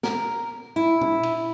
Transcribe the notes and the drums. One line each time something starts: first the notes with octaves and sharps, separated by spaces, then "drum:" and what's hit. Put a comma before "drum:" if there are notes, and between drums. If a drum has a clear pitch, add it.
A#4, drum: snare
E4
drum: tom
drum: cymbal